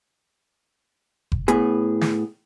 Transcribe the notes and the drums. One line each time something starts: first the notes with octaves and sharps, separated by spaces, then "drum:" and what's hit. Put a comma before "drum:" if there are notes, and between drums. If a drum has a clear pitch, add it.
drum: kick F#1
A2 B3 G#4, drum: hi-hat
drum: snare